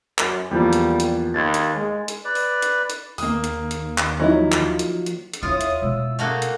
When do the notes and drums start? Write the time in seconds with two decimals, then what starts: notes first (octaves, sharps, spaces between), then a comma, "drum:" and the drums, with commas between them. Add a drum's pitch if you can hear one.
0.18 F#2, drum: clap
0.51 E2 F3 G3 A#3
0.73 drum: hi-hat
1.00 drum: hi-hat
1.34 D#2 C6 G#6 A6
1.54 drum: hi-hat
1.75 G#3
2.08 drum: hi-hat
2.24 B4 D5
2.35 drum: open hi-hat
2.62 drum: hi-hat
2.90 drum: hi-hat
3.18 D#2 A#3 D#6, drum: open hi-hat
3.44 drum: hi-hat
3.71 drum: hi-hat
3.98 drum: clap
4.20 F3 F#3 D#4 E4
4.52 drum: clap
4.79 drum: hi-hat
5.06 drum: hi-hat
5.34 drum: hi-hat
5.43 D#2 E4 F4 C#5 D#6
5.61 drum: hi-hat
5.82 B2 G#3 E6
6.19 A3 A#3 F#4 G#4
6.42 drum: hi-hat